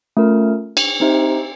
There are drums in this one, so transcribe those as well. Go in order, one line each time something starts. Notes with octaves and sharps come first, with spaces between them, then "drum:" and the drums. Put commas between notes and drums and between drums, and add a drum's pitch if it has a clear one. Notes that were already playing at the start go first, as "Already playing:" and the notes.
A3 C#4 F4 A#4
drum: cymbal
C4 D#4 G4 C5 E5